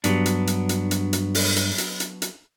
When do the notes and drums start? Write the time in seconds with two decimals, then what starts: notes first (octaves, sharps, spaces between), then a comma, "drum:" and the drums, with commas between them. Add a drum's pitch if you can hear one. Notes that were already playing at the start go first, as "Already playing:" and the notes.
0.04 G2 F#3 B3 D4, drum: hi-hat
0.26 drum: hi-hat
0.47 drum: hi-hat
0.69 drum: hi-hat
0.91 drum: hi-hat
1.13 drum: hi-hat
1.35 drum: open hi-hat
1.56 drum: hi-hat
1.78 drum: hi-hat
2.00 drum: hi-hat
2.22 drum: hi-hat